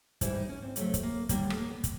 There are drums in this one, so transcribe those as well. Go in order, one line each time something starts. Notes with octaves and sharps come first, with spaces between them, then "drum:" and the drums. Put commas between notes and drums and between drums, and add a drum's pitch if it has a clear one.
G#2 E3 G3 E4, drum: kick, hi-hat
D#4
C#4
C4
F2 C#3 F#3 A3, drum: hi-hat
drum: kick, hi-hat
A#3
D#2 D3 G3 A#3, drum: kick, hi-hat
B3
A3, drum: rim click
A#3
B3
drum: kick, hi-hat